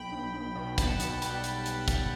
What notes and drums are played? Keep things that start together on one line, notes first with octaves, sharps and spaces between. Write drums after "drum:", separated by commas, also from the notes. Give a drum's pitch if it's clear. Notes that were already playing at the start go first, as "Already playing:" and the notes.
Already playing: B1 G5 B5
B1
B1
B2
B1 F#5 A5, drum: kick, hi-hat
B2, drum: hi-hat
G3, drum: hi-hat
drum: hi-hat
drum: hi-hat
drum: kick, hi-hat